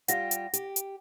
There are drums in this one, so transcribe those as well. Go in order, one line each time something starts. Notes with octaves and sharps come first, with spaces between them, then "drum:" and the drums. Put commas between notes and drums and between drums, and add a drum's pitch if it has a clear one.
G3 F4 G4 F#5 A#6, drum: hi-hat
drum: hi-hat
G4, drum: hi-hat
drum: hi-hat